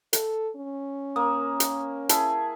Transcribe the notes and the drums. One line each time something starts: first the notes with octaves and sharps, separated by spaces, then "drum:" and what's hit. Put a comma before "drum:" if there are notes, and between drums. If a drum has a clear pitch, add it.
A4, drum: hi-hat
C#4
A#3 D#6
drum: hi-hat
E4 G#4 A5, drum: hi-hat